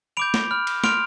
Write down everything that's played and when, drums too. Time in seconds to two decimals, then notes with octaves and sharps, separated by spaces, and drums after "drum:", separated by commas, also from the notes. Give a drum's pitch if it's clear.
0.17 B5 D6 G6 D7 F7
0.34 drum: snare
0.51 B5 F6
0.67 drum: cymbal
0.84 C6 F6 D7 F7, drum: snare